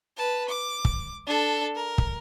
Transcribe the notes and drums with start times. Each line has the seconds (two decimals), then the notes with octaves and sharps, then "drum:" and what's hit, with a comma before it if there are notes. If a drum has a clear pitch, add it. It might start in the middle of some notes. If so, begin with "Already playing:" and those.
0.17 B4 A5
0.49 D6
0.85 drum: kick
1.27 D4 A4
1.75 A#4
1.98 drum: kick